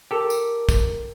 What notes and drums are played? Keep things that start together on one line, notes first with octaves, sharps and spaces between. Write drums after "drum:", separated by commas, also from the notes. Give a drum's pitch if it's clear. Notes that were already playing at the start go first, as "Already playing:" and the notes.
G4 A4 A#4
drum: tambourine
drum: kick, tambourine